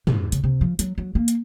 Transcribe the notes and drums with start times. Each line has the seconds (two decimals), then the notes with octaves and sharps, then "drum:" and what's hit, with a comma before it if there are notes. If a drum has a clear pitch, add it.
0.07 G#2, drum: tom
0.32 C#3, drum: hi-hat
0.44 C3
0.61 F3
0.79 F#3, drum: hi-hat
0.98 F#3
1.15 A#3
1.28 drum: hi-hat